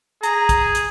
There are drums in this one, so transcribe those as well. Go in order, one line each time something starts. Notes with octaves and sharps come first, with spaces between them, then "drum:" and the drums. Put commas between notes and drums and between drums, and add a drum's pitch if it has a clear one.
G#4 A#5, drum: hi-hat
drum: kick A#1, hi-hat
drum: hi-hat